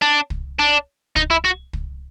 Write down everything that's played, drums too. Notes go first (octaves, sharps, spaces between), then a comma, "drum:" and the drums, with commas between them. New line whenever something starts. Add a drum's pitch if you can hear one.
D4
drum: kick
D4
D#4, drum: kick
E4
F#4
drum: kick